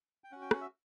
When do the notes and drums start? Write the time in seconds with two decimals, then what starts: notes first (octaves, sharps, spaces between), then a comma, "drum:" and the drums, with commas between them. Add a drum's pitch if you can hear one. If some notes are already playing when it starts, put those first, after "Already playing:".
0.24 G5
0.32 C#4 F#4 F#5
0.42 G5
0.51 F#5, drum: rim click
0.61 E5